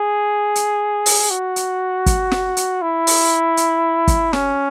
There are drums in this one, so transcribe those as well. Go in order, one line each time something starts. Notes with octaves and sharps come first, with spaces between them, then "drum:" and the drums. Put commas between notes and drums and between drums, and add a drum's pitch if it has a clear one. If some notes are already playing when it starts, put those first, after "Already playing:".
Already playing: G#4
drum: hi-hat
drum: open hi-hat
F#4
drum: hi-hat
drum: kick, hi-hat
drum: snare
drum: hi-hat
E4
drum: open hi-hat
drum: hi-hat
drum: kick, hi-hat
C#4, drum: snare